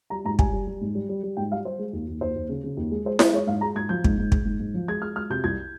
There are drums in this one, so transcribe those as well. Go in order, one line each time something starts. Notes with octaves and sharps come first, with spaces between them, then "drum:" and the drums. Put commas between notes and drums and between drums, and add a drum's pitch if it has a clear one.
G3 A#5
G#2 A#5
G3 G#5, drum: kick
G3
G3
G#2
G3
G3
G3
G#2 G5
G3 F5
G3 C5
G#3
D#2
D#2
D#2 C5
D#2
C#3
C#3
D#2
G#3
G#3 C5
G#3 C5, drum: snare E4
G#3 C#5
G#2 F5
G#3 A#5
G#2 G#6
F3 G6
G#2, drum: kick
G#2
G#3, drum: kick
G#2
G#2
F3
G#3 G#6
G#3 F6
G#3 F6
C3 G6
C2 G#6